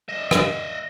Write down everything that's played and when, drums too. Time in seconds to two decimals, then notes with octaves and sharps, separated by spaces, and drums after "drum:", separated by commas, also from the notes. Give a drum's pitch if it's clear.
0.09 D#5 E5
0.31 drum: rim click